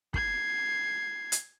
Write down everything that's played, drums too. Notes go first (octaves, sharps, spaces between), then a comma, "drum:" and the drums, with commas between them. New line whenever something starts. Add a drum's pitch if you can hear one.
G#6 C7, drum: kick
drum: hi-hat